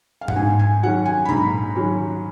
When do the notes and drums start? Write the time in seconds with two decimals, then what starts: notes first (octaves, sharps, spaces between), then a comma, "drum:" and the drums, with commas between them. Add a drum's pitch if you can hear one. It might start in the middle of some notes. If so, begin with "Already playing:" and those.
0.21 F5
0.28 F#5, drum: tom G#2
0.36 G#2 G#5
0.59 G#5
0.83 D#3 F#3 C#4 F#5
1.06 G#5
1.25 B5
1.29 G#2 A#5, drum: tom A#2
1.76 D#3 F#3 C#4